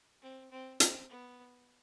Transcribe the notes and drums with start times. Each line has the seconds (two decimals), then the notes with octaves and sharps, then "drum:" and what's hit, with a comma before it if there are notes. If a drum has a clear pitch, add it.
0.22 C4
0.51 C4
0.80 C4, drum: hi-hat
1.10 B3